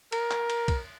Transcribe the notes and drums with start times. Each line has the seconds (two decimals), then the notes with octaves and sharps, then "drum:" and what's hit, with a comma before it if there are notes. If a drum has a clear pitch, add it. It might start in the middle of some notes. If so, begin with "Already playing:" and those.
0.12 A#4, drum: cymbal
0.31 drum: clap
0.50 drum: cymbal
0.68 drum: kick, cymbal